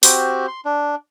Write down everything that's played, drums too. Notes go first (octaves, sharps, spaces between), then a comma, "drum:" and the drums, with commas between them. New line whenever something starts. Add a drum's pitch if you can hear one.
C4 F#4 G4 C5, drum: open hi-hat
C6
D4